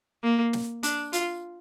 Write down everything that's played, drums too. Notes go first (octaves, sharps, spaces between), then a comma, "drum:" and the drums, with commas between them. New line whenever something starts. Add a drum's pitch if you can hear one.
A#3
drum: snare
D4, drum: hi-hat
F4, drum: hi-hat